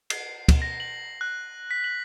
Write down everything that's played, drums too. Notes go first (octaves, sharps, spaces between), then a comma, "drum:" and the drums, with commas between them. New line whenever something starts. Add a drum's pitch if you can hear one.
C7, drum: cymbal
drum: kick, cymbal
A#6
F#7
F#6
B6
F#7